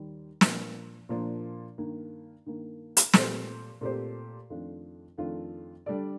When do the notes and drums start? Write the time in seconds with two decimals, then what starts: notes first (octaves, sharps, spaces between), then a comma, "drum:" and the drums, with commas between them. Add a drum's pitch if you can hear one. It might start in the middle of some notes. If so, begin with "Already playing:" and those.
Already playing: D#2 D#3 G3
0.41 A#2 F3 A#3 D4, drum: snare
1.09 A#2 F3 A#3 D4
1.78 G2 D#3 A#3
2.46 G2 D#3 A#3
2.97 drum: hi-hat
3.14 A#2 A3 C4 G4 C5, drum: snare
3.81 A#2 A3 C4 G4 C5
4.50 F2 D#3 A3 D4 F4
5.18 F2 D#3 A3 D4 F4
5.86 D3 G3 D4 A4 D5